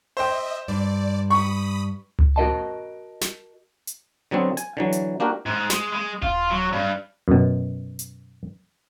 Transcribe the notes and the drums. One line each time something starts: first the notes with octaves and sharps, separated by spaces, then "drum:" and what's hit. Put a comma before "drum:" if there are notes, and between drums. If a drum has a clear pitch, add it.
C5 D#5 E5 G5
G2 D5
B5 C#6 D#6
drum: tom C#2
F#4 A#4 D#5 A5
drum: snare
drum: hi-hat
D3 F#3 B3 C4
G#5, drum: hi-hat
D3 E3 F#3
drum: hi-hat
A#3 D4 F#4 G4 A#4
G#2
G#3, drum: snare
G#3
F4, drum: kick D#1
F#3
G2
F#2 B2
drum: hi-hat